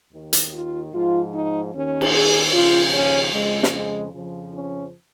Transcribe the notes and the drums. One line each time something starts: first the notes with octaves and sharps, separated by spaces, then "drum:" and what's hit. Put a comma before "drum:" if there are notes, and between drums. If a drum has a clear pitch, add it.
D#2 D#3
drum: hi-hat
F4
G#2 F3 F4
D#4
D#2 D#3 C#4
drum: cymbal
G#4
D#2 C#3 F3 F4
C#4
F2 C#3 F3 G#3
drum: snare
G#3
F2 C#3 F3
C#4